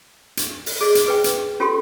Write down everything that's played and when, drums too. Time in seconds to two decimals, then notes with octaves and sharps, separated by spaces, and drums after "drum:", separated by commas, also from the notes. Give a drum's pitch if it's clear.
0.37 drum: hi-hat
0.66 drum: open hi-hat
0.81 G#4 D#5
0.95 drum: hi-hat
1.06 G#4 B4 G5
1.24 drum: hi-hat
1.60 C#4 F4 G4 A4 C6